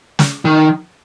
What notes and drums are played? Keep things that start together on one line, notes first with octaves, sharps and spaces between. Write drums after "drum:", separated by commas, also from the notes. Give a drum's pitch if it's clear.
drum: snare
D#3